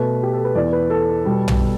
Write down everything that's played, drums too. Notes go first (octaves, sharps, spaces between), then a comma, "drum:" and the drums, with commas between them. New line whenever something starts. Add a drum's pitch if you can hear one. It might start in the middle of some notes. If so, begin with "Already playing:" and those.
Already playing: B2 A3 B4
G4
A4
B4
E2 E3 B3 D5
B4
A4
B2 G3 B3
drum: tom